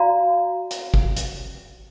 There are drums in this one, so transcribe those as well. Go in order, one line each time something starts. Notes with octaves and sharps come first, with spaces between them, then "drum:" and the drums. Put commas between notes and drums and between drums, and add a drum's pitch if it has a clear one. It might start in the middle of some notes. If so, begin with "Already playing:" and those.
Already playing: F#4 D5 F5 A#5
drum: hi-hat
drum: kick
drum: hi-hat